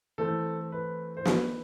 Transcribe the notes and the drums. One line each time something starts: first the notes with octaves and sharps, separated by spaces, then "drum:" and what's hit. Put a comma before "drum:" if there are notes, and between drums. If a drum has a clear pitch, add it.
E3 A3 C4 A4
B4
C5
B4, drum: snare